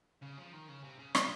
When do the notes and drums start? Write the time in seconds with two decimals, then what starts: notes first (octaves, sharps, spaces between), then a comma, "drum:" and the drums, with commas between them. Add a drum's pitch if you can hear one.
0.22 C#3
0.37 F3
0.53 D#3
0.68 C#3
0.84 C3
0.99 C#3
1.15 C3, drum: rim click